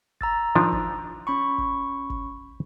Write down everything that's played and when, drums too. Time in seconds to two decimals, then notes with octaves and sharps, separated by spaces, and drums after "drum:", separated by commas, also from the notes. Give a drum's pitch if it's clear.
0.21 A#5 E6 A6, drum: kick
0.55 D#3 F3 D4
0.72 drum: kick
1.27 C#4 B5 C#6
1.58 drum: kick
2.10 drum: kick